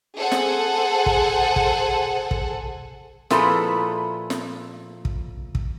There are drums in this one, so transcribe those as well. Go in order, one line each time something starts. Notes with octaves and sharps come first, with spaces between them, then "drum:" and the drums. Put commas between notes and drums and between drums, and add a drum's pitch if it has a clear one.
G#4 A4 C5 F#5 G#5
drum: snare
drum: kick
drum: kick
drum: kick
A#2 F3 E4 G#4 A4 B4, drum: snare
drum: snare
drum: kick
drum: kick